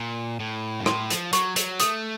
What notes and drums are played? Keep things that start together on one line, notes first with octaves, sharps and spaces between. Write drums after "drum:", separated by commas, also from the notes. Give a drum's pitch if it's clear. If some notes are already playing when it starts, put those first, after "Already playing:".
Already playing: A#2
A2
F#2
A2 C6, drum: rim click
F3, drum: hi-hat
F#3 C#6, drum: hi-hat
F#3, drum: hi-hat
A3 D#6, drum: hi-hat